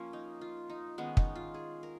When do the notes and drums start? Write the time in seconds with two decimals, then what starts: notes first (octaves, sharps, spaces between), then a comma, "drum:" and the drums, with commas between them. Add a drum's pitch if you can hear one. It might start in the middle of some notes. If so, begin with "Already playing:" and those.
Already playing: F3 A#3 C#4 F4
0.13 D#4
0.41 F4
0.69 D#4
0.98 D#3 G#3 B3 C#4
1.17 D#4, drum: kick
1.35 F4
1.54 G#4
1.83 A#4